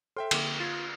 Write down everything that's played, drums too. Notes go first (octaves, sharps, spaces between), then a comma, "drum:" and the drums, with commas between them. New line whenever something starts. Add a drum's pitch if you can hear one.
A4 E5 G5 C6
D3 A#3 D6, drum: cymbal
F4 G#6 A6 C7